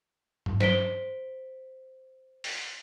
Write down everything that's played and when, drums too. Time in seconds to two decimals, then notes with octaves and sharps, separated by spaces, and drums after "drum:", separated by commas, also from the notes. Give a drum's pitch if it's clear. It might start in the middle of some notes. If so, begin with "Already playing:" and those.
0.46 drum: tom G2
0.60 C5 B6 D7 G7, drum: snare
2.44 drum: open hi-hat